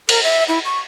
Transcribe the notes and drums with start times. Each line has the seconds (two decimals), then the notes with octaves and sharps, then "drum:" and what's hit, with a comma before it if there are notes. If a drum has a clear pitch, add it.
0.09 A#4, drum: cymbal
0.23 E5
0.48 E4
0.65 C#6